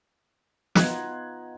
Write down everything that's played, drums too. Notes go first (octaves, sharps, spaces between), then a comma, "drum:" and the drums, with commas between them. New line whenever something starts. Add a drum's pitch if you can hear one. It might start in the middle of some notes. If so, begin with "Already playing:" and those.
B3 D#4 F4 F#6 G#6, drum: snare